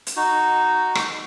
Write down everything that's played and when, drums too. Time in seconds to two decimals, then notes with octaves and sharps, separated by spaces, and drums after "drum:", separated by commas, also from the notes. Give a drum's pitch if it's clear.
0.07 drum: hi-hat
0.16 D#4 F#4
0.95 drum: rim click